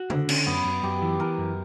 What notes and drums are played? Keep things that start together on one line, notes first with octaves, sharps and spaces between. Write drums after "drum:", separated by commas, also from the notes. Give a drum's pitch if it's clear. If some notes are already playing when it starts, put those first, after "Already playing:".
Already playing: F#4
D3, drum: tom
C#4, drum: cymbal
F#2 B3
F#2
F#2 G4
E3
E3 A#4
F#2